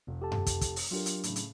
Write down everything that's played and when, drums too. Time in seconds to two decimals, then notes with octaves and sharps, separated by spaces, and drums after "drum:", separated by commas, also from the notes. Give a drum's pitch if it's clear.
0.07 F1
0.22 G4 A4 A5
0.32 drum: tom F#2
0.46 drum: kick, hi-hat
0.61 drum: kick, hi-hat
0.76 drum: open hi-hat
0.91 F#3 D4 F4 G4 A#4
1.06 drum: hi-hat
1.23 A2 C#3, drum: hi-hat
1.36 drum: hi-hat